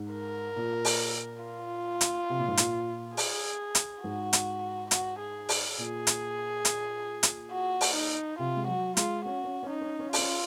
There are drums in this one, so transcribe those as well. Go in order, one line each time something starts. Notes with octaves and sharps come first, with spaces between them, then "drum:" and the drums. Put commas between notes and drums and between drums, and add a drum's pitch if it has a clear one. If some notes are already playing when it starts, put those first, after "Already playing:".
Already playing: G#2
A#4
A#2
drum: open hi-hat
F4
drum: hi-hat
C3
A#2
G#2
A#2, drum: hi-hat
G#4, drum: open hi-hat
drum: hi-hat
G#2 F#4
drum: hi-hat
F#4, drum: hi-hat
G#4
drum: open hi-hat
A#2 G#4
drum: hi-hat
drum: hi-hat
drum: hi-hat
F#4
drum: open hi-hat
D#4
C3 F4
G#3
F#3 F#4
G#3 F4, drum: hi-hat
C#4 F#4
C#4
C#4
D#4
C#4
C#4
F4, drum: open hi-hat
C#4